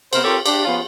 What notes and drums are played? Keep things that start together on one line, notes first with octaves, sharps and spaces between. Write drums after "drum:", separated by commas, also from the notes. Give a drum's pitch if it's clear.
C3 B3 A#4 C5, drum: cymbal
C4 F4 G4 A4 A#4 C#5
D4 G4, drum: cymbal
F3 B3 C#4 F4